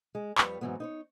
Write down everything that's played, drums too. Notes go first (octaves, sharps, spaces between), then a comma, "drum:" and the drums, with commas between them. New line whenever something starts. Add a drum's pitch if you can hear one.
G#3
F2 G3 B4 C#5, drum: clap
G#2 C3 E3 F#3 B3
D#4 C5 C#5